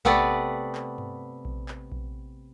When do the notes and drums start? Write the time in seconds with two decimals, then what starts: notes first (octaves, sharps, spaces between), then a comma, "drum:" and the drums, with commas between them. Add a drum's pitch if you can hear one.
0.05 C3 A3 B3 B4 D5, drum: kick A#1
0.75 drum: clap
0.98 drum: tom G2
1.45 drum: kick A#1
1.68 drum: clap
1.92 drum: kick A#1